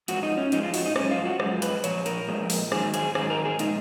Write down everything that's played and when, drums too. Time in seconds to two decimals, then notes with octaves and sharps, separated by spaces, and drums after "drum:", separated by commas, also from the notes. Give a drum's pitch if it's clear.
0.08 G#2 F3 F#4, drum: hi-hat
0.23 D#4
0.37 C#4
0.52 G#2 F3 G#3 D#4, drum: hi-hat
0.63 F4
0.74 F#4, drum: open hi-hat
0.86 D#4
0.96 F#2 F3 G#3 C#4, drum: rim click
1.11 F4
1.25 F#4
1.40 F#2 F3 G#3, drum: rim click
1.62 B4, drum: hi-hat
1.84 A#2 F3 C#5, drum: hi-hat
2.06 A#4, drum: hi-hat
2.28 A#2 F3 G#3
2.50 drum: open hi-hat
2.72 G#2 D#3 F#3 G#4, drum: rim click
2.94 G#4, drum: hi-hat
3.15 G#2 D#3 F#3 G#4, drum: rim click
3.30 A#4
3.45 G#4
3.59 A#2 F3 G#3 D#4, drum: hi-hat